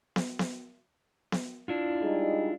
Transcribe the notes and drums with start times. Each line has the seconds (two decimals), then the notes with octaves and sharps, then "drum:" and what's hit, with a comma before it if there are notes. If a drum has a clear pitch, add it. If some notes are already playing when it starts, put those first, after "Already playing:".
0.16 drum: snare B3
0.39 drum: snare B3
1.32 drum: snare B3
1.68 D4 E4 F4
2.02 G3 G#3 D#4